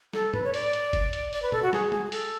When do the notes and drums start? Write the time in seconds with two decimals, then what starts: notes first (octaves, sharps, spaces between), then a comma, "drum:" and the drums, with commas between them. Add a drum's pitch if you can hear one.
0.13 A4, drum: snare
0.34 B4, drum: tom G#2
0.44 C#5
0.54 D5, drum: open hi-hat
0.73 drum: hi-hat
0.93 drum: kick, hi-hat
1.13 drum: hi-hat
1.33 D5, drum: open hi-hat
1.42 B4
1.52 A4, drum: tom A#2
1.62 F#4
1.73 G#4, drum: snare
1.92 G#4, drum: tom
2.06 G#4
2.12 A4, drum: open hi-hat